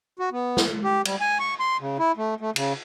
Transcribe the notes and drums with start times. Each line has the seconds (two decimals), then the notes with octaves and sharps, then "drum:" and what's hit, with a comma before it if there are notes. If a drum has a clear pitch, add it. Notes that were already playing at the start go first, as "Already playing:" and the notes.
0.19 F#4
0.32 B3
0.57 drum: snare
0.84 G4
1.05 G3, drum: cymbal
1.21 G#5
1.40 C#6
1.60 C6
1.81 C#3
1.99 E4
2.17 A3
2.41 A3
2.56 C#3, drum: cymbal